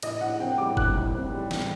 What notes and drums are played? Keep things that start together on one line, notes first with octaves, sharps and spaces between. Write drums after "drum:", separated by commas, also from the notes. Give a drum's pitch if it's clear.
A2 D#5, drum: cymbal
A2 F#5
C4 G5
G3 D6
A2 F#6, drum: kick F#1
A2
C4
G3
A2, drum: snare